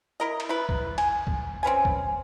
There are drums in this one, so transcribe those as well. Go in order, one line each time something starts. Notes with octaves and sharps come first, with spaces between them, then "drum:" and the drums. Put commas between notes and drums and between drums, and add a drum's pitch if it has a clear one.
E4 A#4 D#5
drum: cymbal
E4 B4
drum: kick C2
G#5, drum: cymbal
drum: kick C2
C4 C#4 B4 G#5
drum: kick C2